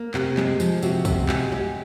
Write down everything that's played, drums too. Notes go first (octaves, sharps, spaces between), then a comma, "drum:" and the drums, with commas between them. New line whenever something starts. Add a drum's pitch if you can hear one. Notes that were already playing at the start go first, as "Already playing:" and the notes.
Already playing: A#3
C3, drum: clap
G#3, drum: clap
F3, drum: tambourine
C3 F#4, drum: tambourine
C3, drum: kick, tambourine
G#3, drum: clap
G#3 G4